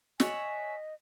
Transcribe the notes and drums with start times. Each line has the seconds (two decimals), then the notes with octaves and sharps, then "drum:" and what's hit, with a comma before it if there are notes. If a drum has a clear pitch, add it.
0.20 C#5 D#5 E5 F#5 G#5, drum: snare